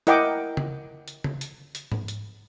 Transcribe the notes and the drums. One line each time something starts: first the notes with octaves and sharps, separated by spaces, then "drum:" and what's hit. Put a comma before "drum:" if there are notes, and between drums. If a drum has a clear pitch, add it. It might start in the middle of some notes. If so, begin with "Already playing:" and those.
E4 A#4 D#5 F#5 G5 D6, drum: hi-hat
drum: tom C#3
drum: hi-hat
drum: tom C#3
drum: hi-hat
drum: hi-hat
drum: tom G#2
drum: hi-hat